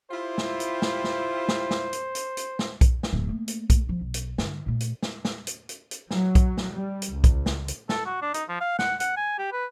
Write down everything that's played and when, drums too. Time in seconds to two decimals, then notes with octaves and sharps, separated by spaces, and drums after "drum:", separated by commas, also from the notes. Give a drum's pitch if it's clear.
0.11 E4 F4 G4 C5
0.38 drum: snare
0.60 drum: hi-hat
0.82 drum: snare
1.04 drum: snare
1.48 drum: snare
1.71 drum: snare
1.93 drum: hi-hat
2.15 drum: hi-hat
2.37 drum: hi-hat
2.59 drum: snare
2.81 drum: kick B1, hi-hat
3.03 drum: snare
3.13 D1 G1
3.29 A3 A#3
3.48 drum: hi-hat
3.70 drum: kick B1, hi-hat
3.87 F3 B3
4.01 B1
4.14 drum: hi-hat
4.38 G2 D3, drum: snare
4.66 A#2 A3
4.80 drum: hi-hat
5.03 drum: snare
5.25 drum: snare
5.47 drum: hi-hat
5.69 drum: hi-hat
5.91 drum: hi-hat
6.11 F#3, drum: snare
6.35 drum: kick B1, hi-hat
6.57 drum: snare
6.72 G3
7.02 drum: hi-hat
7.12 C#2
7.24 drum: kick B1, hi-hat
7.46 drum: snare
7.68 drum: hi-hat
7.89 A4, drum: snare
8.06 F#4
8.22 D4
8.34 D#4, drum: hi-hat
8.49 F3
8.61 F5
8.79 F#5, drum: snare
9.00 F#5, drum: hi-hat
9.17 G#5
9.39 G4
9.52 B4